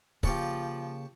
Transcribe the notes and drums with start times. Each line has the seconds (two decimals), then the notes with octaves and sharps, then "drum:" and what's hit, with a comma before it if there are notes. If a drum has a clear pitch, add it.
0.23 C#3 F3 A#3 G4 C#5 A5, drum: kick